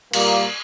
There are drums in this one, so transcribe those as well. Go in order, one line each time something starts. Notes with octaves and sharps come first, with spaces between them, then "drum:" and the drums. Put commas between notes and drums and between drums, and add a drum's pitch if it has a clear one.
A#2 G3 A#3, drum: cymbal